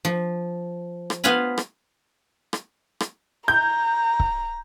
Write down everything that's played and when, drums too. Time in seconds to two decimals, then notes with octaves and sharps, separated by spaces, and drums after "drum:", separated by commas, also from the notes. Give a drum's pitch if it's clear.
0.05 F3
1.10 drum: rim click
1.24 B3 F4 B4 F5 G#5 B5
1.58 drum: rim click
2.53 drum: rim click
3.00 drum: rim click
3.48 A#5 G6
4.20 drum: kick C#1